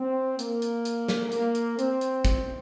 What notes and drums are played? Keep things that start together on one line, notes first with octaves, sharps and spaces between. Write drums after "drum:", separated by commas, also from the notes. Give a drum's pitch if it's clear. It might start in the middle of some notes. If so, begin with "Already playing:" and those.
Already playing: C4
A#3, drum: hi-hat
drum: hi-hat
drum: hi-hat
drum: snare
A#3, drum: hi-hat
drum: hi-hat
C4, drum: hi-hat
drum: hi-hat
drum: kick, hi-hat